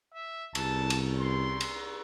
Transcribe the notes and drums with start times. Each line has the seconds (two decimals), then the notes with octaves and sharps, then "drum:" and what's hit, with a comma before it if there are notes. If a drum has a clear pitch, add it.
0.14 E5
0.55 C2 A5, drum: cymbal
0.90 drum: cymbal
1.20 C6
1.60 drum: cymbal